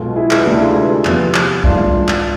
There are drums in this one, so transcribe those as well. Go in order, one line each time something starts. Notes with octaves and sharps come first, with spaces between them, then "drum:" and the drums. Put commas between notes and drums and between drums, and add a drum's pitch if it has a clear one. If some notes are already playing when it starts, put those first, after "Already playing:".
Already playing: B1 B2 G#3 F4 A4
E4 G#4
G#4 B4, drum: clap
D2 C3 G#3 D4 E4 G#4
F4 A4
G#4 B4
E2 C3 F3 B3, drum: clap
drum: clap
G#1 G#2 G#3 D4 F4, drum: kick C2
drum: tom G3
drum: clap